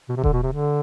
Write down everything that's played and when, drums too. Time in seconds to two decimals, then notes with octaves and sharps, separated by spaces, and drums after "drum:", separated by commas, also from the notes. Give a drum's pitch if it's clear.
0.09 B2
0.17 C3
0.24 D3, drum: kick D#1
0.33 B2
0.43 C3
0.53 D3